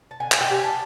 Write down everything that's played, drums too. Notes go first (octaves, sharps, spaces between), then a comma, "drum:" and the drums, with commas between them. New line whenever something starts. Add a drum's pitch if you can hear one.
A5
D3 G#5
drum: clap
G5
G3 G#5
A5